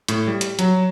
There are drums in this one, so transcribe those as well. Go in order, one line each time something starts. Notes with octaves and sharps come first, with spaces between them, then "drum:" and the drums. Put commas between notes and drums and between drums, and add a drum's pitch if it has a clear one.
A2, drum: hi-hat
G3
drum: hi-hat
F#3, drum: hi-hat